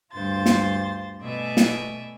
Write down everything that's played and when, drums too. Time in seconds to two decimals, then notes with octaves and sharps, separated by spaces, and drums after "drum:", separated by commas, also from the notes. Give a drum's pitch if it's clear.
0.12 D2 G2 F4 C5 C6 A6
0.46 drum: snare
1.20 B2 A3 D5 E5 G#5
1.57 drum: snare